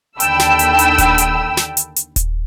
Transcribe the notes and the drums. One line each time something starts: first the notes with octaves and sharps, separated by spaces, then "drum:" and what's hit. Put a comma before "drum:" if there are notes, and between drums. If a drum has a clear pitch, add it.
D#2 D3 G5 A5 B5 E6, drum: hi-hat
drum: snare
drum: hi-hat
drum: hi-hat
drum: kick D#1, hi-hat
drum: hi-hat
drum: snare
drum: hi-hat
drum: hi-hat
drum: kick D#1, hi-hat